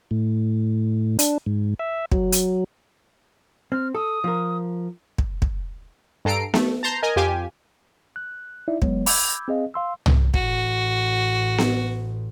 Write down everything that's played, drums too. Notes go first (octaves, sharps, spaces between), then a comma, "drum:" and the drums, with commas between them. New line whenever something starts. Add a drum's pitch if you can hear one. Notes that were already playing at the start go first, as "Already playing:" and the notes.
A2
D4, drum: hi-hat
G#2
E5
F#3, drum: kick
drum: hi-hat
C4 F6
A4 D#6
F3 A#4
drum: kick
drum: kick
G2 A4 A#5 C7 D7
A3, drum: snare B3
A5 A#5 C6 G6
A#4 D#5 G#5
F2 F4 G4 G#5
F#6
D#4 E4 D5 E5
F#3 G#3 B3 C#5, drum: kick
B5 D6 E6 G6 G#6, drum: open hi-hat
C4 G#4 D#5 F5
F5 C6 E6
drum: tom
A1 F#4, drum: kick
drum: snare B3